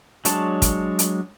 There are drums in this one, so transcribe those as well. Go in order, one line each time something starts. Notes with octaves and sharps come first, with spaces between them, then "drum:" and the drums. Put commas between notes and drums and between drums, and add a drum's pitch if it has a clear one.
F#3 G#3 D4 C#5 A5, drum: hi-hat
drum: kick, hi-hat
drum: hi-hat